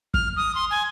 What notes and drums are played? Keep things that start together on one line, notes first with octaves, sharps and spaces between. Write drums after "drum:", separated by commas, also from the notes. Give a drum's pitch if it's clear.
F6, drum: kick
D#6
C6
G#5